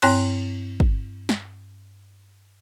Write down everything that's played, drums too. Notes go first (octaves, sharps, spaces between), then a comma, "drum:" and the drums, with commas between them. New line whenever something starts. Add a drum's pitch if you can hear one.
G2 C4 C#5 G5 C6 F#6, drum: cymbal
drum: kick
drum: snare